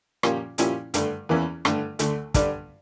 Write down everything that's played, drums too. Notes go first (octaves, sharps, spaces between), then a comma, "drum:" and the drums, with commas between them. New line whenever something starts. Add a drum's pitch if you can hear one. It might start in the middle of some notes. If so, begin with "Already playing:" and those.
A#2 F3 A#3 C#4 G4, drum: rim click
A#2 F3 C#4 E4 G4, drum: hi-hat
G2 D3 A3, drum: hi-hat
E2 E3 A#3 C#4 E4
G2 D3 A3, drum: rim click
D2 D3 A3, drum: hi-hat
G2 D3 G3 D4, drum: kick, hi-hat